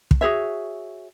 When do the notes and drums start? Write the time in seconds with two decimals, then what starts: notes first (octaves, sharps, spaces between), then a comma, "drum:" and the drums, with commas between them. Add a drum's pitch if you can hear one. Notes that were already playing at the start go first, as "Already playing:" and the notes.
0.11 drum: kick
0.21 F#4 G#4 C#5 E5